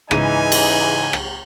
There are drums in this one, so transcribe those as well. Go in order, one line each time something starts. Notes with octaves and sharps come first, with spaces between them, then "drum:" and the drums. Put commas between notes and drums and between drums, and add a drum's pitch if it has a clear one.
C#2 G#2 E3 D#4 G#5 D#7, drum: rim click
drum: cymbal
drum: rim click